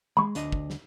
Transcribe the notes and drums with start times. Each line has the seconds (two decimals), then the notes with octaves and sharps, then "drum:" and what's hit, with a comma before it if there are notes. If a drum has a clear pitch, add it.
0.17 G#3 B5 C#6
0.35 D2 D4 D#5, drum: hi-hat
0.52 drum: kick
0.70 drum: snare